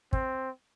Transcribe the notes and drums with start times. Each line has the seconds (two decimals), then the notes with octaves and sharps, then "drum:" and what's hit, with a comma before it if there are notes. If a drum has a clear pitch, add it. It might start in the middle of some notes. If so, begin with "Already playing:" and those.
0.13 C4, drum: kick